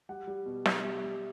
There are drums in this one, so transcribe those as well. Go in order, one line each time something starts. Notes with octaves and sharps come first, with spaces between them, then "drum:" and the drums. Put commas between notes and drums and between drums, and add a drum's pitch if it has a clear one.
G3 F#5
G3
B2
B2, drum: snare
G3 E5
G3